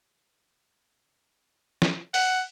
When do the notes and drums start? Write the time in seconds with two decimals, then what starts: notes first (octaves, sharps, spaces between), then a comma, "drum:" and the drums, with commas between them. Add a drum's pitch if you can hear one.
1.82 drum: snare
2.14 F#5, drum: open hi-hat